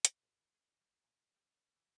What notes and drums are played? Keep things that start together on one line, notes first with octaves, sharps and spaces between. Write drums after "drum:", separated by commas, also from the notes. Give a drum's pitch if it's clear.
drum: hi-hat
G#1
G#4
G3
A#2
G3
A#5
E3